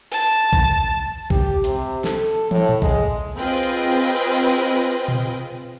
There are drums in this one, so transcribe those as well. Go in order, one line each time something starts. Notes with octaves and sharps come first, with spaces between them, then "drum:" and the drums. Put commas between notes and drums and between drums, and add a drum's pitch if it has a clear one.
A5, drum: open hi-hat
drum: kick B1
G4, drum: kick B1
C3, drum: hi-hat
A4, drum: snare
A2, drum: tom
drum: tom A2
G#3, drum: kick B1
C4 F4 G#4 B4 D#5 G5
drum: hi-hat
drum: tom A#2